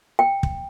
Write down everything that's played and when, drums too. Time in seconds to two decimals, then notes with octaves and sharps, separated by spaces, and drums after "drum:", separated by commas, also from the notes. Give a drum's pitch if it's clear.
0.19 G5
0.43 drum: kick